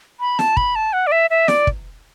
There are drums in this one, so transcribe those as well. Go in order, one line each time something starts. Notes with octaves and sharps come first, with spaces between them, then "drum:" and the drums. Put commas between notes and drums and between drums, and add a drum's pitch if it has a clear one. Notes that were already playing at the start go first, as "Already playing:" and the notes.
B5
A5, drum: snare
B5, drum: kick
A5
F#5
D5
E5
E5
D5, drum: snare
drum: kick